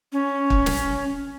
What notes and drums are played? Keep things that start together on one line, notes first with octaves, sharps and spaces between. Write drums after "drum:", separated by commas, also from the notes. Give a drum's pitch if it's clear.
C#4
drum: kick
drum: snare